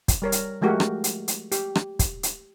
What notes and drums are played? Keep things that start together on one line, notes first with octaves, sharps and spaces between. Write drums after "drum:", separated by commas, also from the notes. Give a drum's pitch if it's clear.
drum: kick, hi-hat
G3 A#4 C#5
drum: hi-hat
F3 G#3 A3 F#4 G4 A#4
drum: rim click
drum: hi-hat
drum: hi-hat
G4, drum: hi-hat
drum: rim click
drum: kick, hi-hat
drum: hi-hat